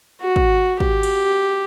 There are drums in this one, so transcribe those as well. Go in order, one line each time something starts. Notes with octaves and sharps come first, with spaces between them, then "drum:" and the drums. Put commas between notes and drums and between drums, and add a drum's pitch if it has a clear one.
F#4
drum: kick
G4, drum: kick
drum: cymbal